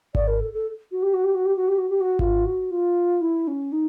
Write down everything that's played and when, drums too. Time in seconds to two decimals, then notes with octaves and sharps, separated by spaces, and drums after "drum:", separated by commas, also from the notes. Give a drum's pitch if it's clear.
0.15 D5, drum: kick G#1
0.27 A#4
0.40 A4
0.53 A4
0.92 F#4
1.02 G4
1.13 F#4
1.24 G4
1.34 F#4
1.45 G4
1.56 F#4
1.68 G4
1.78 F#4
1.89 G4
2.00 F#4
2.19 F4, drum: kick G#1
2.45 F#4
2.71 F4
3.21 E4
3.47 C#4
3.72 D#4